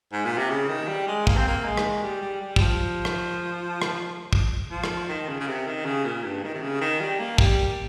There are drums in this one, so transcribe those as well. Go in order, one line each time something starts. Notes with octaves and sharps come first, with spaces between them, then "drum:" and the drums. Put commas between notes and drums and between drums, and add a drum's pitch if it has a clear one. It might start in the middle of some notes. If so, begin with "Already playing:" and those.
G#2
A#2
C3
C#3
D#3
G3
G#3
A#3, drum: kick
C4
A#3
G#3
drum: rim click
G3
G3
G3
G3, drum: kick
F3
drum: rim click
drum: rim click
drum: kick
F3
drum: rim click
D#3
C#3
C#3
C3
D#3
C#3
A#2
G2
D#3
C3
C#3
D#3
G3
A#3
G3, drum: kick